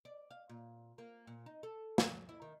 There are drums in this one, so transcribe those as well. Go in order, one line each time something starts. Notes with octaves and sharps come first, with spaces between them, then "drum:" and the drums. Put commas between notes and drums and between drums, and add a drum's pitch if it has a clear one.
D5
F5
A#2
A#3
A#2
D#4
A4
F#3, drum: snare
E4
D#3